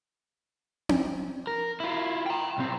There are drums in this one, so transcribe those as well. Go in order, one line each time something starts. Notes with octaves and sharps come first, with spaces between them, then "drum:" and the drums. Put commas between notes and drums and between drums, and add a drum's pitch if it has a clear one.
drum: tom C4
A#4
E4 F4
G5 A#5
B1 C4